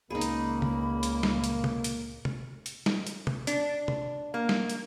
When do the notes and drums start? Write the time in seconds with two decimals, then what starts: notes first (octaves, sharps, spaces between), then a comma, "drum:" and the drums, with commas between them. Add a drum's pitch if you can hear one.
0.10 C#2 A#2 C#3 A#3 D#4 G#4 B5
0.21 drum: hi-hat
0.62 drum: tom C#3
1.03 drum: hi-hat
1.23 drum: snare
1.44 drum: hi-hat
1.64 drum: tom
1.84 drum: hi-hat
2.25 drum: tom
2.66 drum: hi-hat
2.86 drum: snare
3.07 drum: hi-hat
3.27 drum: tom
3.47 D4, drum: hi-hat
3.88 drum: tom
4.34 A#3
4.49 drum: snare
4.69 drum: hi-hat